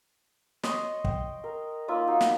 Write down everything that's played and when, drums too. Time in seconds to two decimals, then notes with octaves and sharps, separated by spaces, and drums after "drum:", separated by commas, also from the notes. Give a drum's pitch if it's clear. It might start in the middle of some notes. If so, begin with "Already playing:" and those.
0.63 D#5 C6 C#6, drum: snare
1.04 G5, drum: kick
1.44 A#4
1.88 A#3 D#4 F4 E5
2.07 D#4 F#4 F5
2.21 drum: snare